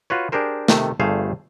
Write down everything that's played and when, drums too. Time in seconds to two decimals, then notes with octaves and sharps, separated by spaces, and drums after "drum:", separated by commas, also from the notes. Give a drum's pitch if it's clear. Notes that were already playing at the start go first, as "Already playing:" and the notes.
0.10 F4 F#4 B4 C#5
0.32 D4 G4 G#4 A#4 C5
0.68 C3 D#3 A3, drum: snare
1.00 G1 G2 A3 G#4 C5 F5